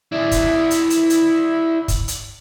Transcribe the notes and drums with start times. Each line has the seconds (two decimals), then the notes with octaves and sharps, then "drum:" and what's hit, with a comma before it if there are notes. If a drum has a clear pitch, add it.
0.12 E4 D5
0.31 drum: kick, hi-hat
0.71 drum: hi-hat
0.90 drum: hi-hat
1.10 drum: hi-hat
1.88 drum: kick, hi-hat
2.08 drum: hi-hat